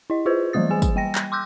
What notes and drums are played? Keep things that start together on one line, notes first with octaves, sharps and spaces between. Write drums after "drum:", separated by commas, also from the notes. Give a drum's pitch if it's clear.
E4 D#5
F4 G#4 B4 C5
E3 F#3 G3 A3 D#6 A6
G#4 G#5
drum: kick, tambourine
G3 G5 A#6
drum: clap
C6 D6 E6 F#6 G6